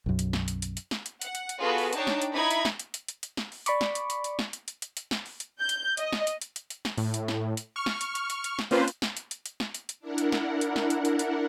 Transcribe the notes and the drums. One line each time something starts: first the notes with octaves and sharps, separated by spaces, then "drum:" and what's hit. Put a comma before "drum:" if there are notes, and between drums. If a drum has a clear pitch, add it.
B1 F#2
drum: hi-hat
drum: snare
drum: hi-hat
drum: hi-hat
drum: hi-hat
drum: snare
drum: hi-hat
F#5, drum: hi-hat
drum: hi-hat
drum: hi-hat
B3 F4 F#4 G#4 A4 B4
drum: open hi-hat
D4 D#4 C#5 G5 A5, drum: hi-hat
drum: snare
drum: hi-hat
D#4 E4 B5 G#6
drum: hi-hat
drum: snare
drum: hi-hat
drum: hi-hat
drum: hi-hat
drum: hi-hat
drum: snare
drum: open hi-hat
D5 B5 C#6 D6, drum: hi-hat
drum: snare
drum: hi-hat
drum: hi-hat
drum: hi-hat
drum: snare
drum: hi-hat
drum: hi-hat
drum: hi-hat
drum: hi-hat
drum: snare
drum: open hi-hat
drum: hi-hat
G6
drum: hi-hat
D#5, drum: hi-hat
drum: snare
drum: hi-hat
drum: hi-hat
drum: hi-hat
drum: hi-hat
drum: snare
A2, drum: open hi-hat
drum: hi-hat
drum: snare
drum: hi-hat
C#6 F6
drum: snare
drum: hi-hat
drum: hi-hat
drum: hi-hat
drum: hi-hat
drum: snare
A#3 C4 C#4 F4 B4 C5, drum: open hi-hat
drum: hi-hat
drum: snare
drum: hi-hat
drum: hi-hat
drum: hi-hat
drum: snare
drum: hi-hat
drum: hi-hat
D4 E4 A#4 F#5
drum: hi-hat
drum: snare
drum: hi-hat
drum: snare
drum: hi-hat
drum: hi-hat
drum: hi-hat